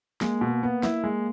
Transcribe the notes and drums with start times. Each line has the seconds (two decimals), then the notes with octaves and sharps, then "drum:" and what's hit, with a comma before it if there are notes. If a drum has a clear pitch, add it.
0.21 G#3 A#3, drum: snare
0.41 B2
0.63 B3
0.83 E4, drum: snare
1.04 G#3